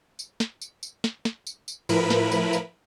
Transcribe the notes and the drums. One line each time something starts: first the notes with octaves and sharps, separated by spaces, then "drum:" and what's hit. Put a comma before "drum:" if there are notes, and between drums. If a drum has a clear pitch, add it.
drum: tambourine
drum: snare
drum: tambourine
drum: tambourine
drum: snare
drum: snare
drum: tambourine
drum: tambourine
A2 F3 E4 A#4 B4 B5, drum: tambourine
drum: snare
drum: tambourine
drum: tambourine